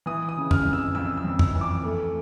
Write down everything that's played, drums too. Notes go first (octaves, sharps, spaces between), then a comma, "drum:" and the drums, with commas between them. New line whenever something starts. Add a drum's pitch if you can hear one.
E3 D#6
D#6
C#3
F6, drum: tom F#2
F2
E6
F2 E6
E6
F2
E6, drum: tom F#2
E3
D6
A3